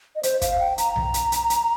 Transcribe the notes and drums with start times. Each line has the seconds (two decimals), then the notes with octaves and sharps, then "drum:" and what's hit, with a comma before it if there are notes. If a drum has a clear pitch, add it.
0.16 D#5
0.23 C5, drum: hi-hat
0.41 F5, drum: kick, hi-hat
0.60 G5
0.78 A#5, drum: hi-hat
0.96 drum: tom B1
1.14 drum: hi-hat
1.32 drum: hi-hat
1.50 drum: hi-hat